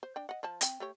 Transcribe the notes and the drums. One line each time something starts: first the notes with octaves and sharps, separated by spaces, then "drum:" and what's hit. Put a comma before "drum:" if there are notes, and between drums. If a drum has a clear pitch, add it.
C5
D4 G5
D#5 F#5
F3 C5 A5
C4 G5, drum: hi-hat
A3 G4 C#5